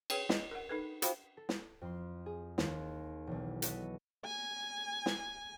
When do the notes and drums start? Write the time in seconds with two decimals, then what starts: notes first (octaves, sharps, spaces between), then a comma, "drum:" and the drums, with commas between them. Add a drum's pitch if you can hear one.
0.10 G#4 B4 C#5 G5, drum: cymbal
0.29 D#5, drum: snare
0.51 A#4 F#5
0.69 D#4 A4 B4
1.02 F4 F#4 C5 F5 G5 B5, drum: hi-hat
1.37 A4
1.49 drum: snare
1.81 F2 C6
2.26 G#4
2.58 D#2 C6, drum: snare
3.27 E1 B1
3.62 F#4 A4 B4 C#5 D#5 E5, drum: hi-hat
4.25 G#5
5.06 drum: snare